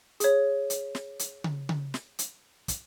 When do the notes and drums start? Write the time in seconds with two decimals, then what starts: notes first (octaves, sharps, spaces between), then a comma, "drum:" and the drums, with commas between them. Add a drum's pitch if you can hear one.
0.20 G#4 C#5, drum: hi-hat
0.70 drum: hi-hat
0.95 drum: snare
1.19 drum: hi-hat
1.44 drum: tom C#3
1.69 drum: tom C#3
1.94 drum: snare
2.19 drum: hi-hat
2.68 drum: kick, hi-hat